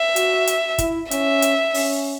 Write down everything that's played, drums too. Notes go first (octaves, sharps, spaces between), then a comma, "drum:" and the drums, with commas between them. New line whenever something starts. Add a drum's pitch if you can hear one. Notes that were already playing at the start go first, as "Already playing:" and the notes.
Already playing: E5
F#4, drum: hi-hat
drum: hi-hat
E4, drum: kick, hi-hat
C#4 E5, drum: hi-hat
drum: hi-hat
C#4, drum: open hi-hat